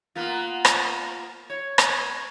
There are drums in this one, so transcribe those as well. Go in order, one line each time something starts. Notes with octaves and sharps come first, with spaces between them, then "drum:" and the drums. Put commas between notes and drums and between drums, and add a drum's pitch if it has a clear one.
A#3 B3 F4
drum: rim click
C#5
drum: rim click